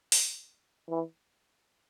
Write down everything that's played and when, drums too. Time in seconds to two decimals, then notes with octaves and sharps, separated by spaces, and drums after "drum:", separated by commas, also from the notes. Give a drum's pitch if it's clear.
0.12 drum: open hi-hat
0.89 E3